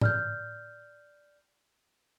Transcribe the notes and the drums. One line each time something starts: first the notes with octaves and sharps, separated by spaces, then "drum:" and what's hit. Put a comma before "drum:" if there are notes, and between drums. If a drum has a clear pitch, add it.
D5 F6 G6, drum: tom G#2